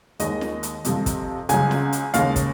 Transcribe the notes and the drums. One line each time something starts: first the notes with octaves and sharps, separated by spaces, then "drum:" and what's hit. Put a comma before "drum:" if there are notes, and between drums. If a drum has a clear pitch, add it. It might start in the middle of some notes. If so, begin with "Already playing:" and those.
D#2 D#3 G#3 D#5, drum: hi-hat
drum: snare
drum: hi-hat
F2 C3 F3, drum: hi-hat
drum: kick, hi-hat
C#2 C#3 F#3 G#5, drum: hi-hat
drum: snare
drum: hi-hat
D#2 C#3 G#3 F5, drum: hi-hat
drum: kick, hi-hat